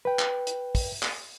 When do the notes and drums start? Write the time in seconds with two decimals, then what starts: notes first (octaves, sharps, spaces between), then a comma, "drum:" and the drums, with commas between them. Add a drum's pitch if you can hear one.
0.05 B4 G5
0.19 drum: clap
0.47 drum: hi-hat
0.75 drum: kick, open hi-hat
1.03 drum: clap